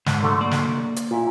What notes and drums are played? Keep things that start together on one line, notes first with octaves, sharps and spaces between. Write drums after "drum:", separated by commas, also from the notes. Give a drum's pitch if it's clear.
G#2, drum: snare
D3 F#3 A3 C6 C#6
A#3 D5
drum: snare
drum: hi-hat
A#2 E4 F4